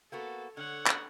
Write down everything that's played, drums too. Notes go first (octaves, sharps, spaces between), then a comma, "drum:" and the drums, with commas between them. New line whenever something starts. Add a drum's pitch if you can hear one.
A#3 B3 F#4 A4
D3 C#5 F#5
drum: clap